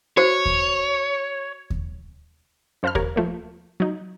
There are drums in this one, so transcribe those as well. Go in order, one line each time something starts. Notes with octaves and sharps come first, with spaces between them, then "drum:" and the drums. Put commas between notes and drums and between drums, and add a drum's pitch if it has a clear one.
F#4 C5 C#5
drum: kick D#2
drum: kick D#2
F#2 C5 F5 A5 B5 F6
G4 A#4 C#5, drum: kick D#2
F3 A3 A#3
F#3 D#4